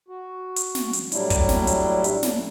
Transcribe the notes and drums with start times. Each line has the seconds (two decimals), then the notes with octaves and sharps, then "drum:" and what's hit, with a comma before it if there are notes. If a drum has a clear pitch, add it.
0.08 F#4
0.56 drum: hi-hat
0.75 drum: snare
0.93 drum: hi-hat
1.12 A2 F#3 G3 D4 E4, drum: hi-hat
1.30 drum: kick, hi-hat
1.49 drum: snare
1.67 drum: hi-hat
2.04 drum: hi-hat
2.23 drum: snare